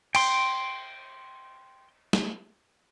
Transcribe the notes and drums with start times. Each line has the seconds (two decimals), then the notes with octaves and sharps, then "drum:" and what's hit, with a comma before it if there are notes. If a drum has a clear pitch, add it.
0.15 G5 C6, drum: cymbal
2.13 drum: snare